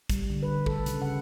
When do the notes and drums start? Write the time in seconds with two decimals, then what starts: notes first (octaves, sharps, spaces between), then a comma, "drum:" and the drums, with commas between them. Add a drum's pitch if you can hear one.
0.10 G3, drum: kick, hi-hat
0.30 D3
0.43 B4
0.66 A4, drum: kick
0.86 C#3, drum: hi-hat
1.02 F#5